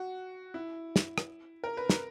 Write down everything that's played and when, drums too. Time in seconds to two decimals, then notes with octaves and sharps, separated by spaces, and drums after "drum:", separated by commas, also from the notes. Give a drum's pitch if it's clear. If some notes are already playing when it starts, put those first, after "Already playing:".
Already playing: F#4
0.54 E4
0.96 drum: snare
1.18 drum: rim click
1.64 A#4
1.77 B4
1.90 A#4, drum: snare